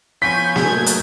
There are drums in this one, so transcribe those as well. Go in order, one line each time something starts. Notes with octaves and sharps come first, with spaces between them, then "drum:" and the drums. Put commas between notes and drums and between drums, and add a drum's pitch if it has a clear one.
F3 B3 C#5 G#5 G6 B6
F#2 A2 G#3 G#6, drum: snare A#3
drum: hi-hat